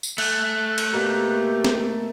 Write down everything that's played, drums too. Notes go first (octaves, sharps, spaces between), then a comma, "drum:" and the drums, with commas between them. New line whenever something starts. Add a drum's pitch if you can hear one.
drum: tambourine
A3 F#6, drum: cymbal
drum: cymbal
B2 A#3 G4
drum: snare